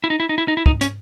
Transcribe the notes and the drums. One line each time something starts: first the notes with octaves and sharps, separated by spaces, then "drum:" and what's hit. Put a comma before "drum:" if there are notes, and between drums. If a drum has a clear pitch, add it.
E4
D#4
E4
D#4
E4
D#4
E4
D#4, drum: kick
C#4, drum: hi-hat